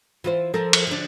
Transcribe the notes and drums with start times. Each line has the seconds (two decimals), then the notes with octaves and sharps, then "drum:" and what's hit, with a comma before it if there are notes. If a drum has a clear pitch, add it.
0.24 E3 F4 C5
0.54 F3 A4 A#4
0.73 drum: cymbal
0.87 D3 D4